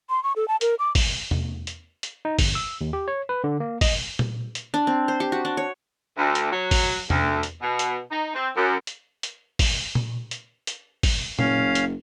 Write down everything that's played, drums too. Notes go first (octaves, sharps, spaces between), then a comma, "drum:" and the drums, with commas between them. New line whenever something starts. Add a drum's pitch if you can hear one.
C6
C#6
A4
A5
A#4, drum: hi-hat
D6
drum: kick, open hi-hat
drum: tom
drum: hi-hat
drum: hi-hat
D#4
G1, drum: kick, open hi-hat
E6
D#2
G4
C#5
B4
D3
A#3
D#5, drum: kick, open hi-hat
drum: tom A#2
drum: hi-hat
D4
C4
C5
G4
F#4
D4
C#5
D2
drum: hi-hat
F#3
drum: kick, open hi-hat
D2, drum: tom
drum: hi-hat
B2
drum: hi-hat
D#4
C4
F#2
drum: hi-hat
drum: hi-hat
drum: kick, open hi-hat
drum: tom A#2
drum: hi-hat
drum: hi-hat
drum: kick, open hi-hat
F#1 C#4 F5, drum: tom A#2
drum: hi-hat